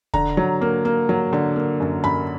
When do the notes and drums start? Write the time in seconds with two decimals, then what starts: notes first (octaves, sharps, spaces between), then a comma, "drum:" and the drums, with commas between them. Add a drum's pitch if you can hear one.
0.14 D3 A#5, drum: kick E1
0.37 F#3
0.61 A#3
0.85 A#3
1.09 F#3
1.33 D3
1.56 A#3
1.80 F#2
2.04 F#2 B5